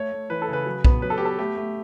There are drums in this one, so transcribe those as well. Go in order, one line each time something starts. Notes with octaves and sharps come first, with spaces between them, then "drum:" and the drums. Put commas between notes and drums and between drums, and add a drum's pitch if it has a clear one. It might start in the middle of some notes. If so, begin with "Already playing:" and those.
Already playing: A3 C#5
A3
E3 B4
A4
C#3 B4
F#3
B3, drum: kick B1
F#3 B4
A4
G4
B3 A4
A3 G4
A3